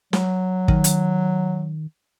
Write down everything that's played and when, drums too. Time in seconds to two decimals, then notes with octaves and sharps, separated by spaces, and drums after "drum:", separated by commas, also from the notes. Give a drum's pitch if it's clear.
0.13 F#3, drum: snare
0.68 D#3, drum: kick
0.84 drum: hi-hat